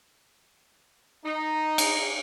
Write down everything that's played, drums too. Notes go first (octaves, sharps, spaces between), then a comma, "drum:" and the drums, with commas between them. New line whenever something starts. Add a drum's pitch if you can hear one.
D#4
drum: cymbal